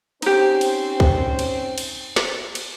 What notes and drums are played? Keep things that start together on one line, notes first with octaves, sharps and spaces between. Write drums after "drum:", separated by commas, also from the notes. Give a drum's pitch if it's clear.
C4 C#4 D#4 G4 C5, drum: cymbal
drum: cymbal
drum: kick
drum: cymbal
drum: cymbal
drum: snare
drum: cymbal